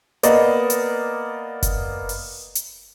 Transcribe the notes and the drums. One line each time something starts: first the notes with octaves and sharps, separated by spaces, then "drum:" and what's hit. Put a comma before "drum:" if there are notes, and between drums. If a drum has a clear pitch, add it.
A#3 B3 D5 D#5, drum: hi-hat
drum: hi-hat
drum: kick F#1, hi-hat
drum: open hi-hat
drum: hi-hat